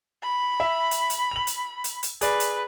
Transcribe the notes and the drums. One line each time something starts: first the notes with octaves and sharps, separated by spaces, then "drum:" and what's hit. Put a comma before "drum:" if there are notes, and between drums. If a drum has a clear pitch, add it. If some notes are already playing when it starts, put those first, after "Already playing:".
B5
E5
drum: hi-hat
drum: hi-hat
F7 F#7
drum: hi-hat
drum: hi-hat
drum: hi-hat
G#4 B4 D5, drum: hi-hat
drum: hi-hat